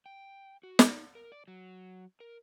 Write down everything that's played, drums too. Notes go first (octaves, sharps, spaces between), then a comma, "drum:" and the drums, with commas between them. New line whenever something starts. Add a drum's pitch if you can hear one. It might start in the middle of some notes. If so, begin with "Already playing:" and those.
G5
F#4
D#4, drum: snare
A#4
D5
F#3
A#4